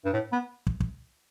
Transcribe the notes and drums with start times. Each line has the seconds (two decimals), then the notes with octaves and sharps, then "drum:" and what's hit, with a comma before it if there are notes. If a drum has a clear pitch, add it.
0.05 G2
0.13 A2
0.32 B3
0.67 drum: kick
0.80 drum: kick